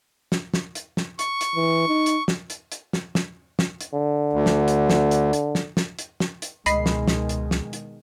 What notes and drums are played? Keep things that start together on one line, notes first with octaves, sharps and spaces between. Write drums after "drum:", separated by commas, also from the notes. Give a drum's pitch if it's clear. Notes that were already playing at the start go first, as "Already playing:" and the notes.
drum: snare
drum: snare
drum: hi-hat
drum: snare
C#6, drum: hi-hat
drum: hi-hat
E3
D#4
drum: hi-hat
drum: snare
drum: hi-hat
drum: hi-hat
drum: snare
drum: snare
drum: snare
drum: hi-hat
D3
D2
drum: snare
drum: hi-hat
drum: snare
drum: hi-hat
drum: hi-hat
drum: snare
drum: snare
drum: hi-hat
drum: snare
drum: hi-hat
C#2 B2 D#3 G#3 D#5 B5 C7, drum: hi-hat
drum: snare
drum: snare
drum: hi-hat
drum: snare
drum: hi-hat